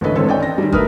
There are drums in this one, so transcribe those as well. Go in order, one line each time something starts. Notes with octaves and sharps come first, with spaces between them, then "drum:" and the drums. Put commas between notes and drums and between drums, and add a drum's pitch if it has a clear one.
A1 D3 C#4 A4 B4 D#5
G#1 C4 A4 C#5 C6
C#4 D5 D#5 G5
A#6
D#3 G3
A3 A#4 B4 D#6 F6, drum: kick